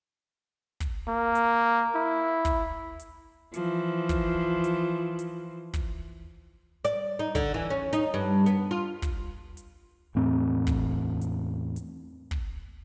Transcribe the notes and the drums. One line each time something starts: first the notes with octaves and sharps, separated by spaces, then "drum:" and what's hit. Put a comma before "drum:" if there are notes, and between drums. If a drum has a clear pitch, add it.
drum: kick, hi-hat
A#3
drum: hi-hat
E4
drum: kick, hi-hat
drum: hi-hat
E3 F3, drum: hi-hat
drum: kick, hi-hat
drum: hi-hat
drum: hi-hat
drum: kick, hi-hat
D5, drum: hi-hat
D#4
D3, drum: kick, hi-hat
E3
C#4
D#4, drum: hi-hat
G2
B3, drum: hi-hat
F4
drum: kick, hi-hat
drum: hi-hat
E2 A2 C4
drum: kick, hi-hat
drum: hi-hat
drum: hi-hat
drum: kick